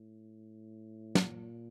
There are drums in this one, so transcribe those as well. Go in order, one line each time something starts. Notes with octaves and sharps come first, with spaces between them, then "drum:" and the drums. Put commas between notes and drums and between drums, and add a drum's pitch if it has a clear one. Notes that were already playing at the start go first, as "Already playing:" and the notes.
Already playing: A2
A#2, drum: snare